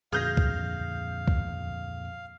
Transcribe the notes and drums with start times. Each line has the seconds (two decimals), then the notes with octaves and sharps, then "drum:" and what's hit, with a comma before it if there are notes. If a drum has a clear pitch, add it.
0.13 F2 A#2 D3 G#4 F5 F6 G6 A#6
0.37 drum: kick
1.28 drum: kick